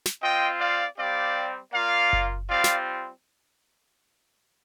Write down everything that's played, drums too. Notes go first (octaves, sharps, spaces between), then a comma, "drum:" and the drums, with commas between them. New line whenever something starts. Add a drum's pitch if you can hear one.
drum: snare
C4 F4 D#5 G5
D5 F5
G3 C4 G4 D5 F5
A#3 F4 D5 F5
drum: kick F#1
G3 C4 F4 D5 F5
drum: snare